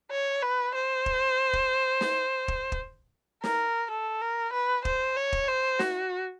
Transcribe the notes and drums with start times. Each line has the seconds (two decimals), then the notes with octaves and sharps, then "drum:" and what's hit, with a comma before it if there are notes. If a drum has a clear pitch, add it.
0.11 C#5
0.43 B4
0.75 C5
1.06 drum: kick
1.53 drum: kick
2.01 drum: snare
2.48 drum: kick
2.72 drum: kick
3.44 A#4, drum: snare
3.91 A4
4.22 A#4
4.53 B4
4.85 C5, drum: kick
5.16 C#5
5.33 drum: kick
5.48 C5
5.79 F#4, drum: snare